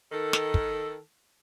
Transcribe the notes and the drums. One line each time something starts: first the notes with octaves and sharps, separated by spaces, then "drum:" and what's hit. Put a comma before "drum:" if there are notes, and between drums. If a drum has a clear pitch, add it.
D#3 A4
drum: snare
drum: kick